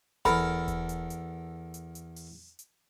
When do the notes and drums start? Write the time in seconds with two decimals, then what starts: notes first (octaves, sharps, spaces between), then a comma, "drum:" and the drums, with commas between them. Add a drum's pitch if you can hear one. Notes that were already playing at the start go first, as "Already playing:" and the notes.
0.25 E2 A4 A#4 B5, drum: kick E1, hi-hat
0.68 drum: kick E1, hi-hat
0.89 drum: hi-hat
1.10 drum: hi-hat
1.74 drum: hi-hat
1.95 drum: hi-hat
2.16 drum: open hi-hat
2.59 drum: hi-hat